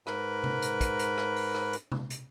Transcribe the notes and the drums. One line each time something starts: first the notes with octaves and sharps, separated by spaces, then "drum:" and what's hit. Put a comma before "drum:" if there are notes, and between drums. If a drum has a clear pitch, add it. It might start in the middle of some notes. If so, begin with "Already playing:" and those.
G#2 A#4 B4 B5, drum: rim click
drum: tom C3
drum: hi-hat
drum: kick, hi-hat
drum: hi-hat
drum: rim click
drum: open hi-hat
drum: rim click
drum: hi-hat
drum: tom C3
drum: hi-hat